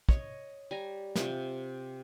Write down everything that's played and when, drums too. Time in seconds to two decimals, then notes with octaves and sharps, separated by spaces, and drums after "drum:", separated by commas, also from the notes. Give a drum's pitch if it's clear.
0.09 C#5 D#5, drum: kick
0.71 G3 G#5 A#5
1.16 C3 F4, drum: snare